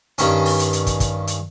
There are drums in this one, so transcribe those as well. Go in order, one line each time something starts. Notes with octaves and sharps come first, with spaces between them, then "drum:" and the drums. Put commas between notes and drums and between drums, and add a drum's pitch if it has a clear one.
G2 D#3 C#4, drum: hi-hat
drum: open hi-hat
drum: hi-hat
drum: hi-hat
drum: kick, hi-hat
drum: kick, hi-hat
drum: hi-hat